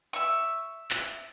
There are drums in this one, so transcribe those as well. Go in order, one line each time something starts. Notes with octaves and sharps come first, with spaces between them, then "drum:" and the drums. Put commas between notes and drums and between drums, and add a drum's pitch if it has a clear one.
E5 C#6
drum: clap